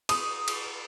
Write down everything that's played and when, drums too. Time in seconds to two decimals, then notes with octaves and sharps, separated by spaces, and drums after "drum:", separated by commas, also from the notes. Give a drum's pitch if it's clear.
0.09 D#6, drum: cymbal
0.48 drum: cymbal